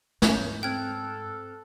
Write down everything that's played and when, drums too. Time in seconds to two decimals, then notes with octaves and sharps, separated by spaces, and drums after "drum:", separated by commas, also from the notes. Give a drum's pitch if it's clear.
0.22 G#2 C#4 C#5 G6, drum: snare
0.63 C4 A4 G5 F6 F#6 G#6